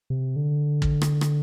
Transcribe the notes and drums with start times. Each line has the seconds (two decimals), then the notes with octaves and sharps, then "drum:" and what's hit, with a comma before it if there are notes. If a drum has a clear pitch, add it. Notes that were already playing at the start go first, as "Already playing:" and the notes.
0.10 C3
0.36 D3
0.82 drum: kick
1.02 drum: rim click
1.21 drum: rim click